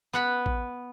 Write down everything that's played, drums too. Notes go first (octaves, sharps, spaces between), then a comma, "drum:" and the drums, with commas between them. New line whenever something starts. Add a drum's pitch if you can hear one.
B3 F#5 B5
drum: kick A1